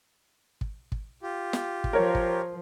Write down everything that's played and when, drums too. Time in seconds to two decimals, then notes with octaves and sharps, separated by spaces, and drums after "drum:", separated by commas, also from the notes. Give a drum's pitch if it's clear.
0.61 drum: kick
0.92 drum: kick
1.22 F4 G4
1.53 drum: snare
1.84 drum: kick
1.93 F3 A#4 C#5
2.15 drum: kick